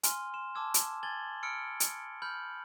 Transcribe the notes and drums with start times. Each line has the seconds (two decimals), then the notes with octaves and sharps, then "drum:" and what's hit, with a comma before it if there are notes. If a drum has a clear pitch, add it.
0.03 G#5 C6 F6, drum: hi-hat
0.34 C6 E7
0.55 A5 C6 D6 E6 G#6
0.74 drum: hi-hat
1.03 G#5 G#6 A6 F#7 G7
1.43 B5 E6 F6 C#7 D7
1.80 drum: hi-hat
2.22 B5 F6 G6 F#7